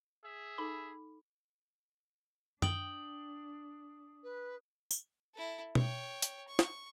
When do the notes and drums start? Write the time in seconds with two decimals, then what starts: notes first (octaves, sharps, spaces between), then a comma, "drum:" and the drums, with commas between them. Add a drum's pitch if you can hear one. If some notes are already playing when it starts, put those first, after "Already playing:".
0.24 G#4 E5
0.58 D#4 A4 B5 D6
2.62 D4 G5 D#6 F#7, drum: tom F#2
4.23 B4
4.91 drum: tambourine
5.34 E4 A4
5.75 C#5 G5, drum: tom B2
6.22 drum: hi-hat
6.48 C#6
6.59 drum: snare